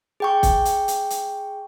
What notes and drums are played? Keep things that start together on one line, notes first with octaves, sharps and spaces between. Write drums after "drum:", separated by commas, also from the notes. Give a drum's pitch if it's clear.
G#4 G5 C#6
drum: kick, hi-hat
drum: hi-hat
drum: hi-hat
drum: hi-hat